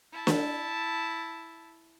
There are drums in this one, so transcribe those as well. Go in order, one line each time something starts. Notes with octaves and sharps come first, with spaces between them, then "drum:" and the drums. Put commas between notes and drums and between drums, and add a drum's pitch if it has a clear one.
E4 A5
drum: snare